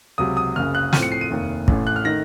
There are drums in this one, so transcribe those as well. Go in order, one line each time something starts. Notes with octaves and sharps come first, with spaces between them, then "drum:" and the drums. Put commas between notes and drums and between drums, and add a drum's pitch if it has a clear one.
C#2 C3 F#3 D#6
D#6
F#1 F#2 C#3 F6
F#6
A2 F3 A3 C4 D#7, drum: snare
C#7
C7
D#7
F1 D#2 D#3
A1 A2 A3 C#4, drum: kick
F#6
F6
D#3 A3 D#4 A#6